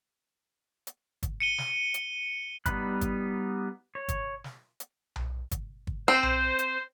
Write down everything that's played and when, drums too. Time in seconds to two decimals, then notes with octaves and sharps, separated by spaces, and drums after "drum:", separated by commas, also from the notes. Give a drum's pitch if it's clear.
0.87 drum: hi-hat
1.23 drum: kick, hi-hat
1.40 C#7 D#7 G7
1.58 drum: snare
1.94 drum: hi-hat
2.66 G3 B3 D#4 B5 F#6, drum: kick, hi-hat
3.01 drum: kick, hi-hat
3.95 C#5
4.08 drum: kick, hi-hat
4.44 drum: snare
4.80 drum: hi-hat
5.16 drum: tom B1
5.51 drum: kick, hi-hat
5.87 drum: kick
6.08 C4 C5
6.23 drum: tom B1
6.59 drum: hi-hat